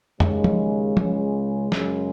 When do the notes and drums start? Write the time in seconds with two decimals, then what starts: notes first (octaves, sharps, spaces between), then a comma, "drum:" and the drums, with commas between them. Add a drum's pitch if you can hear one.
0.20 D#2 C#3 G#3, drum: tom
0.44 drum: tom
0.97 C#2 C#3 G#3, drum: tom
1.72 F#2 C#3 G#3, drum: snare